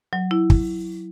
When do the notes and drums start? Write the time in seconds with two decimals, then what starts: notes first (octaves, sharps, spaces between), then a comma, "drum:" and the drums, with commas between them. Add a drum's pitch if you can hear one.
0.13 F#3
0.31 E4
0.50 drum: kick